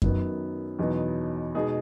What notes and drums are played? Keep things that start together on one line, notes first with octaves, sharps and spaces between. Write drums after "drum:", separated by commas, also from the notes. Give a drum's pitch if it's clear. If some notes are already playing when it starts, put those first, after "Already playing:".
F#2 D#3 F#3 B3, drum: kick F#2
E2 B2 F#3 B3 D#4
B2 G#3 D#4 G#4